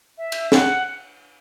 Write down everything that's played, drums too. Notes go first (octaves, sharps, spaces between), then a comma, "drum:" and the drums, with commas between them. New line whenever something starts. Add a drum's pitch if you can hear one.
E5
drum: cymbal
F#5, drum: snare